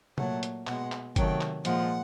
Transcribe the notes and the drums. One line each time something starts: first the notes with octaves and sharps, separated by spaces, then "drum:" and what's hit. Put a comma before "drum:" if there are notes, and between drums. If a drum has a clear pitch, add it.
A#2 F#3 A3 F#5, drum: tom C3
drum: hi-hat
B2 G#3 F#5, drum: clap
drum: clap
C3 D#3 F#3 A3 G5, drum: kick G1, hi-hat
drum: clap
A#2 F3 G#3 F#5, drum: hi-hat